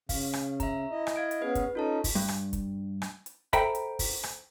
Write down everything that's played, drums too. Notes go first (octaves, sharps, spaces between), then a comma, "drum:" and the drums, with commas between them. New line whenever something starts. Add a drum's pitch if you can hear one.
C#3 F5, drum: kick, open hi-hat
drum: rim click
E5 A#5, drum: kick, hi-hat
E4 D#5
drum: rim click
F5 G#6 D7
drum: hi-hat
B3 C#4 G#4 B4
drum: kick, hi-hat
C#4 D#4 F4 A4 A5
drum: kick, open hi-hat
G2
drum: rim click
drum: kick, hi-hat
drum: rim click
drum: hi-hat
A4 C5 E5 G5 A#5 B5, drum: kick, hi-hat
drum: hi-hat
drum: kick, open hi-hat
drum: rim click